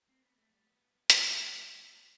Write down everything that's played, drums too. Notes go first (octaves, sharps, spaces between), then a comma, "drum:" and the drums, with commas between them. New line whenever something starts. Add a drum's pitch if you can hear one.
C4
B3
A3
G3
B3
B3
A3, drum: hi-hat
F3
A3
B3
B3